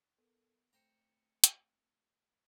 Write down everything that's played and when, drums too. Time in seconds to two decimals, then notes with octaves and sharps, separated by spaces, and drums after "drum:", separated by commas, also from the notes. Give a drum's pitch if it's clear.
0.18 B3 A4 A#4
0.73 A3 C4 C5 G5 A#5 C#7
1.44 drum: hi-hat